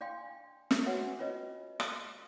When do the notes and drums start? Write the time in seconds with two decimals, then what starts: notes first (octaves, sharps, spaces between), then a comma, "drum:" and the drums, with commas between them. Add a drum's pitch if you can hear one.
0.01 D4 D5 F5 G5 G#5 C6
0.71 drum: snare
0.86 F#4 B4 C#5 E5 F#5 G#5
1.19 C#4 F4 B4 C#5 D#5
1.80 drum: rim click